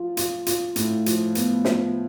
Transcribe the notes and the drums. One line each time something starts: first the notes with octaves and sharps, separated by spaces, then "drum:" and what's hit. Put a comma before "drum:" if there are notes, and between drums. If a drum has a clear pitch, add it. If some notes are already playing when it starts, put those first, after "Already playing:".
Already playing: F3 F4
F4, drum: hi-hat
F4, drum: hi-hat
A2, drum: hi-hat
F3, drum: hi-hat
B3, drum: hi-hat
F3, drum: snare